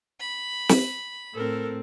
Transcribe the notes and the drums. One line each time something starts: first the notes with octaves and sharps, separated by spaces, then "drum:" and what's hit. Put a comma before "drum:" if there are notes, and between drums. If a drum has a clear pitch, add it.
B5
drum: snare
A2 C4 A4 A#4